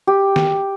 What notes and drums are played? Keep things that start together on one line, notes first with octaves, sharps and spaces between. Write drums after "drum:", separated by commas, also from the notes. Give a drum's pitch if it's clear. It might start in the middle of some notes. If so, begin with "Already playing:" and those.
G4
drum: snare